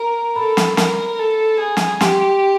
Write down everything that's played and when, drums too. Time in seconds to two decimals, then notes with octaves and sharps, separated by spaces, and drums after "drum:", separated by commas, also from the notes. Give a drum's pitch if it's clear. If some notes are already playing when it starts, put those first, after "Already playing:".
Already playing: A#4 A#5
0.36 A4 B5
0.57 drum: snare
0.77 A#4, drum: snare
1.19 A4
1.60 G#4
1.77 drum: snare
2.01 G4 C6, drum: snare